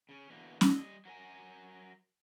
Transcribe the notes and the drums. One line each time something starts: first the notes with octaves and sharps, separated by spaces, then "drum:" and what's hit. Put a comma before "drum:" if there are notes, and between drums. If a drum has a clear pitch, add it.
C#3 C#4
B2 D3 E3 A#3
G3 D#5, drum: snare C#4
F#3 A#4 G#5